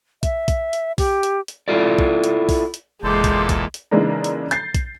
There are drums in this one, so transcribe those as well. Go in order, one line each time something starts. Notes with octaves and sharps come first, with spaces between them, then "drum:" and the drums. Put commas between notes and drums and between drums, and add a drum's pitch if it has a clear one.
E5, drum: kick B1, hi-hat
drum: kick B1, hi-hat
drum: hi-hat
G4, drum: kick B1, open hi-hat
drum: hi-hat
drum: hi-hat
E4 F4 A4 D5
drum: kick B1
drum: hi-hat
drum: kick B1, open hi-hat
drum: hi-hat
F#1 E2 A#2 G#3 A4 C6 D6 G6
drum: kick B1, hi-hat
drum: kick B1, hi-hat
drum: hi-hat
C#3 E3 G#3 A#3 D4 D#4
drum: hi-hat
G6 A6 C7, drum: hi-hat
drum: kick B1, hi-hat